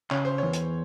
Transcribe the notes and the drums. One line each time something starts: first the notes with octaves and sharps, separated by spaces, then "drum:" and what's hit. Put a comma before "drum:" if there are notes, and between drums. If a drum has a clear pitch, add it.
C#3 C#5, drum: clap
C5
E2 C#5
drum: hi-hat